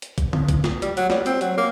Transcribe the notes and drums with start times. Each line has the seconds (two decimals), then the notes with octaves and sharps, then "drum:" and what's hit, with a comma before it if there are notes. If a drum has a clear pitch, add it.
0.02 drum: hi-hat
0.18 drum: kick A#1, hi-hat
0.33 drum: tom D3
0.49 drum: kick A#1, hi-hat
0.64 drum: snare
0.82 G3, drum: hi-hat
0.97 F#3, drum: hi-hat
1.10 G3, drum: snare
1.26 C4, drum: hi-hat
1.41 F#3, drum: hi-hat
1.57 A#3